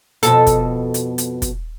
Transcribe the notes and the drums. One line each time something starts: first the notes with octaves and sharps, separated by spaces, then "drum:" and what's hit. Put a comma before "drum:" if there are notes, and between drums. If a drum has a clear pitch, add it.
F2 B2 A4, drum: hi-hat
drum: kick, hi-hat
drum: hi-hat
drum: hi-hat
drum: kick, hi-hat